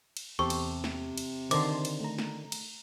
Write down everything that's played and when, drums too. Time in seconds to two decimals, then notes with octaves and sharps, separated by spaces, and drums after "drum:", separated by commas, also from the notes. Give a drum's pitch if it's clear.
0.17 drum: cymbal
0.39 E2 C3 G4 A4 C5 C#6
0.50 drum: cymbal
0.84 drum: snare
1.18 drum: cymbal
1.51 D3 D#3 C5 A5 C6 D6, drum: cymbal
1.85 drum: cymbal
2.01 A3 A#5
2.18 drum: snare
2.52 drum: cymbal